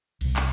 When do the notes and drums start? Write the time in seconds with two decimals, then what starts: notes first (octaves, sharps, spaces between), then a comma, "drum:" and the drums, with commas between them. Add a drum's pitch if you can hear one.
0.21 C2 C3, drum: cymbal
0.36 drum: clap